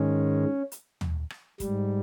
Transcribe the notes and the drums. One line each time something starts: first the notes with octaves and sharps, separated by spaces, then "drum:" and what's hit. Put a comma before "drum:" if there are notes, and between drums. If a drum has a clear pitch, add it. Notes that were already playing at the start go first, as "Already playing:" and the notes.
Already playing: G#2 D#3 G#3 C#4
drum: hi-hat
drum: tom
drum: rim click
G#2 G3, drum: kick, hi-hat